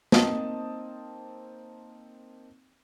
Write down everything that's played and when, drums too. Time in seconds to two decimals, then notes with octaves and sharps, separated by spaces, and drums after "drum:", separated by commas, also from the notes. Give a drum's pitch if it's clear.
0.12 A#3 C4 D#4 A5 D#6, drum: snare